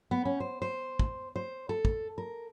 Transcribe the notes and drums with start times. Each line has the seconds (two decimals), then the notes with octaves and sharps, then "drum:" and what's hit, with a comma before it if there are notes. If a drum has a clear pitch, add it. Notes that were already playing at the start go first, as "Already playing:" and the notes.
0.11 B3
0.25 C#4
0.40 C5
0.62 C5
0.99 drum: kick
1.36 C5
1.69 A4
1.85 drum: kick
2.18 A#4